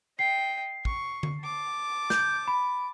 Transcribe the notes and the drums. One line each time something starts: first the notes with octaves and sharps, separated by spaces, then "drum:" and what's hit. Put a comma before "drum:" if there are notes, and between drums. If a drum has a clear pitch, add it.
D#5 G5 C7
C#6, drum: kick
drum: tom D3
A5 D6
G6, drum: snare
B5